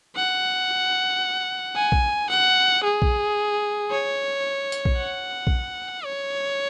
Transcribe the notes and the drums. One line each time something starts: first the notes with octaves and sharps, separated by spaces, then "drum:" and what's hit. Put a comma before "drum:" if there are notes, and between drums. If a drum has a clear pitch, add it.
F#5
G#5
drum: kick A#1
F#5
G#4
drum: kick A#1
C#5
drum: hi-hat
drum: kick A#1
F#5
drum: kick A#1
C#5